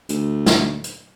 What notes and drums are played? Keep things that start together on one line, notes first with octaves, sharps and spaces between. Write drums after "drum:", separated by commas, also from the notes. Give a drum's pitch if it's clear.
D2, drum: hi-hat
drum: snare
drum: hi-hat